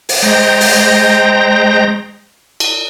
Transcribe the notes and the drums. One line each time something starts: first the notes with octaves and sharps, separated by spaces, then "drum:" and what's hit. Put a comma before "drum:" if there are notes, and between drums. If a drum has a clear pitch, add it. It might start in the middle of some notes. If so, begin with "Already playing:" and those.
drum: open hi-hat
G#3 C5 G5 A#5 A#6
drum: open hi-hat
drum: cymbal